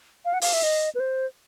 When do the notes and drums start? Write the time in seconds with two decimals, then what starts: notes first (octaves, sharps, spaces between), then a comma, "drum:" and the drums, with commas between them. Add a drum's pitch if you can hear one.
0.25 F5
0.33 F#5
0.41 F5, drum: open hi-hat
0.53 E5
0.63 D#5
0.95 B4
1.00 C5